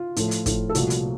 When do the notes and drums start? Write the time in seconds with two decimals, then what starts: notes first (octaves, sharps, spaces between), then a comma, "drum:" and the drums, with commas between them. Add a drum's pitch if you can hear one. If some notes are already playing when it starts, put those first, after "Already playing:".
Already playing: F4
0.16 A2 F3 A3, drum: hi-hat
0.31 drum: hi-hat
0.46 A2 F3 A3, drum: kick, hi-hat
0.70 A4
0.75 C2 A#2 F3 A3 F#4, drum: hi-hat
0.90 drum: hi-hat